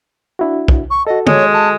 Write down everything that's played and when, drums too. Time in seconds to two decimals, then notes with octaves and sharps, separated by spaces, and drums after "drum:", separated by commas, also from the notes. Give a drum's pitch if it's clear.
0.39 D4 E4 F#4
0.68 drum: kick
0.90 C#6
1.07 F#4 A4 D#5
1.27 G#3 C#5, drum: tom
1.54 A5